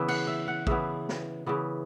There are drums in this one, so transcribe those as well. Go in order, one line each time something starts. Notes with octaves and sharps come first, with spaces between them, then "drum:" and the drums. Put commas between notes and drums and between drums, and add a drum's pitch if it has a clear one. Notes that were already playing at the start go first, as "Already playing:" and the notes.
Already playing: C#3 E3 B3 E5
F#5, drum: cymbal
E5
F#5
C#3 E3 B3 E5, drum: kick
drum: snare
C#3 E3 B3